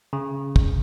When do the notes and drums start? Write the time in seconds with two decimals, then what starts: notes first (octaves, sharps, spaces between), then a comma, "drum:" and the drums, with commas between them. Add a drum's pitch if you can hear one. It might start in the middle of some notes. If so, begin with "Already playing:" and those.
0.13 C#3
0.56 drum: kick